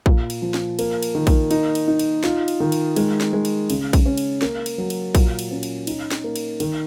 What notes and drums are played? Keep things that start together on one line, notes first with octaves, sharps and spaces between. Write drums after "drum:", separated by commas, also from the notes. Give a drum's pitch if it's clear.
A#2, drum: kick A#1
drum: cymbal
F3
drum: snare
A#3, drum: cymbal
drum: cymbal
D#3
drum: kick A#1, cymbal
D#4, drum: cymbal
drum: cymbal
D#4
drum: cymbal
F4, drum: snare
drum: cymbal
D#3
drum: cymbal
G#3, drum: cymbal
drum: snare
G#3
drum: cymbal
C#3, drum: cymbal
drum: kick A#1, cymbal
C#4
drum: cymbal
A#3, drum: snare
drum: cymbal
F#3
drum: cymbal
A#2, drum: kick A#1, cymbal
drum: cymbal
C#4
drum: cymbal
D#4, drum: cymbal
drum: snare
A#3
drum: cymbal
D#3, drum: cymbal